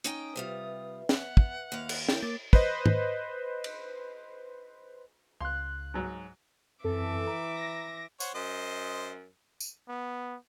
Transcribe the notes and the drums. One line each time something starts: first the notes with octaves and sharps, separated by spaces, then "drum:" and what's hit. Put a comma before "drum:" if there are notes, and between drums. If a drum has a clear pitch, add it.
C#4 D#4 G5 D#6, drum: hi-hat
C3 G3 F4 B4 E5
B3 F#5, drum: snare
drum: kick
D#2 F5
drum: cymbal
E4 A#4 C#5 G5 A6, drum: snare
A#3 D6 A6
B4 C5 D#5, drum: kick
drum: tom
drum: cymbal
C#2 F5 C6 F#6
G#2 F#3
F#2 E3 C4 A4 E5 D6
A#5
A#6
C5 C#5 F#5, drum: tambourine
F#2 C5 D#5
drum: tambourine
B3